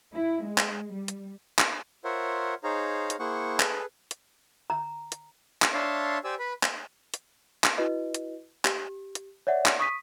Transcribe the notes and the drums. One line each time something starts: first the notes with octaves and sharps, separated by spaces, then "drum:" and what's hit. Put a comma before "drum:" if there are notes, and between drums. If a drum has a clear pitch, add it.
E4
G#3
drum: clap
G3
drum: hi-hat
drum: clap
F4 A#4 C5 C#5 E5 F#5
D#4 G#4 C5 C#5 F5 A#5
drum: hi-hat
A#3 E4 G#4 C5 F#5 C#6
G#4 A4 B4, drum: clap
drum: hi-hat
A#5
drum: hi-hat
drum: clap
D4 C#5 E5 F5 A5 C6
G4 C5 D5 G#5 E6
B4 B5
drum: clap
drum: hi-hat
drum: clap
E4 F#4 B4 D#5
drum: hi-hat
G4, drum: clap
drum: hi-hat
C#5 D5 E5 F#5
drum: clap
C#6 D#6 B6 D#7